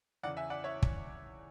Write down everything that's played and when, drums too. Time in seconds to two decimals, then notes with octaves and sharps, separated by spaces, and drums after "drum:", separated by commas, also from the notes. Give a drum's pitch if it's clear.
0.23 E2 C#3 E3 D5 F#5
0.37 E5 G#5
0.50 D5 F#5
0.64 C#5 E5
0.82 drum: kick